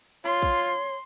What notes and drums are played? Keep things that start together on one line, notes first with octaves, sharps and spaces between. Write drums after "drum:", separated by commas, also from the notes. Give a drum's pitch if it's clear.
F4 C#5 C6
drum: kick